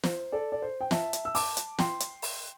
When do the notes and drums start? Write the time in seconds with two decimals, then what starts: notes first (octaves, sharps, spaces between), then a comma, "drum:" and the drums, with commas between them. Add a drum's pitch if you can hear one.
0.03 C5, drum: snare
0.32 A4 D5
0.52 D5
0.62 C5
0.81 G5
0.91 E5 A5, drum: snare
1.13 drum: hi-hat
1.25 E6
1.35 A5 D6, drum: open hi-hat
1.57 drum: hi-hat
1.79 G5 C6, drum: snare
2.00 drum: hi-hat
2.22 drum: open hi-hat